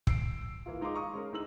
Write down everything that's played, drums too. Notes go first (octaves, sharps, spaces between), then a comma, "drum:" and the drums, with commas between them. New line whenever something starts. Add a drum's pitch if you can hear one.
E6 C7 D7, drum: kick
E3 A#3 F4
G#3 D#4 F4 C6 D6
F5 A#5 C#6 D#6
G#3 C#4 A#4
D2 G#3 D#4 E6 F#7